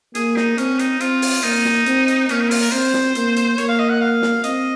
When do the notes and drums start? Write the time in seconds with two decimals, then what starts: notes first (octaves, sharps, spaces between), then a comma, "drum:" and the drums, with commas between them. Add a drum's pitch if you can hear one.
0.15 A#3 G#4, drum: hi-hat
0.36 D#4, drum: snare
0.58 C4 C#4, drum: hi-hat
0.79 D#4, drum: hi-hat
1.00 C4 F4, drum: hi-hat
1.22 drum: open hi-hat
1.43 A#3 D#4, drum: hi-hat
1.65 drum: snare
1.86 C4, drum: hi-hat
2.08 drum: hi-hat
2.29 A#3 C#4, drum: hi-hat
2.41 D#4
2.51 F4, drum: open hi-hat
2.61 A#4
2.72 C4 C5, drum: hi-hat
2.94 drum: snare
3.15 A#3, drum: hi-hat
3.36 drum: hi-hat
3.58 A#3 C#5, drum: hi-hat
3.68 F5
3.79 D#5
3.90 F#5
4.01 F5
4.22 drum: snare
4.44 C4 D#5, drum: hi-hat